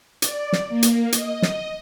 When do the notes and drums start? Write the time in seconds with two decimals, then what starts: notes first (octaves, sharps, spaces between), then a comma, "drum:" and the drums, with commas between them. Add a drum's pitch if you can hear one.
0.22 D5, drum: hi-hat
0.53 drum: snare
0.69 A#3
0.83 drum: hi-hat
1.12 D#5, drum: hi-hat
1.42 drum: snare